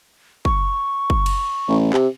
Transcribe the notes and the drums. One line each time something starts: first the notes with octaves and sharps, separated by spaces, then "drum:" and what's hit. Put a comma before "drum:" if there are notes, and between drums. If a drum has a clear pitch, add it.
C#6, drum: kick
drum: kick
drum: cymbal
A1
C3, drum: clap